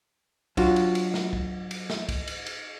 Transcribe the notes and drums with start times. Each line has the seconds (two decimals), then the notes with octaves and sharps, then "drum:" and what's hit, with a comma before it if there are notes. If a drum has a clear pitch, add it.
0.57 F#3 D4 F4 F#4, drum: kick, cymbal
0.76 drum: cymbal
0.95 drum: cymbal
1.14 drum: snare
1.33 drum: kick
1.71 drum: cymbal
1.90 drum: snare
2.09 drum: kick, cymbal
2.27 drum: cymbal
2.46 drum: cymbal